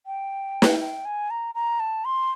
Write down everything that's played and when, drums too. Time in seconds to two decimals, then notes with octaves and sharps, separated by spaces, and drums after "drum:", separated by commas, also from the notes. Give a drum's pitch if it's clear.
0.06 G5
0.62 drum: snare
0.80 G5
1.05 G#5
1.30 A#5
1.55 A#5
1.80 A5
2.05 C6